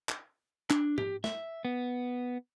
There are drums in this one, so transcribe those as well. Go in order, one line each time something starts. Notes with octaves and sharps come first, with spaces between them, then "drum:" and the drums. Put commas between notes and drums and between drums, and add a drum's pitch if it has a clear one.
drum: clap
D4, drum: clap
G4, drum: tom G#2
E5, drum: snare
B3